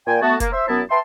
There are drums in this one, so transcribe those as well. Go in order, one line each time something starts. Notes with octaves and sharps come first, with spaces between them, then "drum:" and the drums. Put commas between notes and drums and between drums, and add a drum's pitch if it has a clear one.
A#2 G5 G#5
A3 B3 F#4 A5
A#3, drum: kick F1, hi-hat
C5 E5
F#2 B3 E4 A5
B4 E5 G5 A5 C6